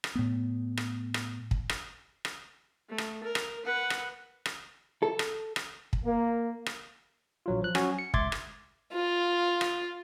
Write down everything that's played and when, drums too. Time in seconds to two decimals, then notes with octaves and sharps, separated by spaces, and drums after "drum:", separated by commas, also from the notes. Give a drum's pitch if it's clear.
0.04 drum: rim click
0.15 A2 A3 B3
0.77 drum: rim click
1.14 drum: rim click
1.51 drum: kick
1.69 drum: rim click
2.25 drum: rim click
2.89 A3
2.98 drum: rim click
3.23 A#4
3.35 drum: rim click
3.65 B4 F#5
3.90 drum: rim click
4.46 drum: rim click
5.03 A4
5.19 drum: rim click
5.56 drum: rim click
5.93 drum: kick
6.05 A#3
6.66 drum: rim click
7.46 A#1 F#3 F4
7.62 F3 F#6
7.75 F#3 C#4 F#4 G#5, drum: rim click
7.99 C#7
8.14 C#2 E5 C6 D6 G#6 A6, drum: kick
8.32 drum: rim click
8.93 F4
9.61 drum: rim click